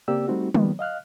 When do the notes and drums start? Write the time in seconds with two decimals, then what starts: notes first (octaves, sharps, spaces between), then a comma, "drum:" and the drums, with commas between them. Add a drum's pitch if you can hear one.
0.08 C#3 A#3 C4 G4 D5 E6
0.28 G3 A3 C4 D#4 F#4
0.54 D#3 F3 G3 G#3 A#3 B3, drum: tom
0.79 D#5 F5 F6 F#6